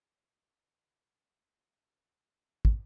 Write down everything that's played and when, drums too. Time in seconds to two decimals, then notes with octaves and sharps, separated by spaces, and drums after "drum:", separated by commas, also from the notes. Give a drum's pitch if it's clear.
0.18 G#1 G6
2.65 drum: kick